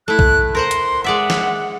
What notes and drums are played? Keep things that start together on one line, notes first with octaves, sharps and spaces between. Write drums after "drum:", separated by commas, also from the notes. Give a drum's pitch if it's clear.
A3 E4 F#6
drum: kick B1
A#4 C5 F#5 C6
drum: hi-hat
G#3 D5 E5 F#5
drum: snare